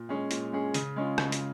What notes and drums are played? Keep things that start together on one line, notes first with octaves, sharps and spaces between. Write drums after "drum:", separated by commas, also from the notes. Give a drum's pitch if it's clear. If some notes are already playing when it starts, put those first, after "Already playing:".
Already playing: A#2
G#3 C#4 G#4
A#2, drum: hi-hat
G#3 C#4 G#4
C#3, drum: hi-hat
G#3 C#4 F4
C#3, drum: rim click
drum: hi-hat